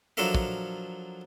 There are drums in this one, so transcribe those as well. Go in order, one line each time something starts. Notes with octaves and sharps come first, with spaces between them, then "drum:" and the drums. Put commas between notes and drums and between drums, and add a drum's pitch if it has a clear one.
F3 F#3 D4 A4 A#4 E5
drum: kick